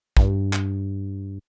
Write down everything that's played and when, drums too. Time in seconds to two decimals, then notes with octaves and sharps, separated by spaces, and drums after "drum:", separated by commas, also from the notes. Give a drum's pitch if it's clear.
0.17 G2, drum: kick
0.53 drum: clap